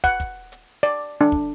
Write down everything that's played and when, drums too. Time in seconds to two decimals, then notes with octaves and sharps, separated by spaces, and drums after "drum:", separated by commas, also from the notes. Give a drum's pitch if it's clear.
0.04 F#5, drum: kick
0.20 drum: kick, hi-hat
0.52 drum: hi-hat
0.83 D5, drum: hi-hat
1.21 D4
1.32 drum: kick